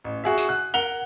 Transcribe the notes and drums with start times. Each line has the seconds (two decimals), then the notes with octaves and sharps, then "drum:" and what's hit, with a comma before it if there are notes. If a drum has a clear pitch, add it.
0.04 A1
0.24 F#4 G#4 E5
0.38 drum: tambourine
0.49 F#6
0.74 A#4 F#5 F7 G7